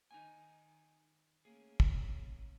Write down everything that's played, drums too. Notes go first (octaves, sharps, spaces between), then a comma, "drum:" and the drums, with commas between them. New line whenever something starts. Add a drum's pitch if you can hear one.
D#3 D#4 G#5
A3 A#3 C#4 G#4
drum: kick